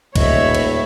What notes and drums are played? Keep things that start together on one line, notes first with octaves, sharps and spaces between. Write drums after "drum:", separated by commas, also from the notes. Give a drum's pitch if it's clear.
D#1 A2 C#5 D#5 E5 B5, drum: kick C2, cymbal
drum: cymbal